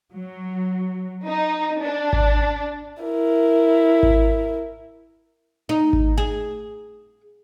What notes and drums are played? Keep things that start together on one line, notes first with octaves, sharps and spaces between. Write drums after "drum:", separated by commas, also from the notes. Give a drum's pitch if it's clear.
F#3
D#4
D4
drum: kick G#1
E4 A#4
drum: kick G#1
D#4
drum: kick G#1
G#4